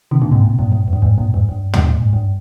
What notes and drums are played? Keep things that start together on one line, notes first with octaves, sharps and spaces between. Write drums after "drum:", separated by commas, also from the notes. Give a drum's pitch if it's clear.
C3 D#3
A#2 D3
G#2 C3
A#2
C3
G2 A#2
G2 A#2
F2
G2
F2 G#2
G2 A#2
F2 G#2
G2
drum: tom
A#2
G#2
G2